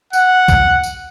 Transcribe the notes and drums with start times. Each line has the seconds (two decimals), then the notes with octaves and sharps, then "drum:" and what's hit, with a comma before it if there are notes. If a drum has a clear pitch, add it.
0.13 F#5, drum: tambourine
0.48 drum: kick C2, tambourine
0.83 drum: tambourine